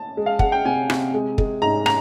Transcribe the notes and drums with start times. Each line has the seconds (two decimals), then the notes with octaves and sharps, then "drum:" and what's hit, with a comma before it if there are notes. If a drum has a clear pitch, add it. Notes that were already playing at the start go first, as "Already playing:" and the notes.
Already playing: A5
0.17 G#3
0.26 F5
0.39 G#3 F#5, drum: kick
0.52 G5
0.65 C3 G#5
0.90 C3, drum: rim click
1.14 G#3
1.38 G#3, drum: kick
1.62 G#2 A#5
1.86 A#5, drum: rim click